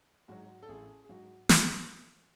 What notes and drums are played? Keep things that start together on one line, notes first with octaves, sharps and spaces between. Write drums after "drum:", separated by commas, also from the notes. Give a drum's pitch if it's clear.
G#2 F#3 F#4
A4
A1 G#4
G#4
G#2 F#3 F#4
drum: snare